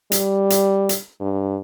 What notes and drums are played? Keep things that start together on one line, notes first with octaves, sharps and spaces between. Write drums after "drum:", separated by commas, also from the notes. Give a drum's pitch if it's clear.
G3, drum: hi-hat
drum: hi-hat
drum: hi-hat
G2